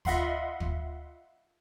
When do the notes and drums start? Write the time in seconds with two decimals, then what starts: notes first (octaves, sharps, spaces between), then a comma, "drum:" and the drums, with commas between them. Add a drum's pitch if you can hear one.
0.05 F4 D#5 E5 F#5 B5 C6, drum: kick
0.60 drum: kick